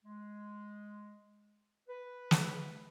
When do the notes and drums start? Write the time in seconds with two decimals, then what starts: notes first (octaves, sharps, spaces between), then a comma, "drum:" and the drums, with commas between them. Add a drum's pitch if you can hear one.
0.04 G#3
1.88 B4
2.31 drum: snare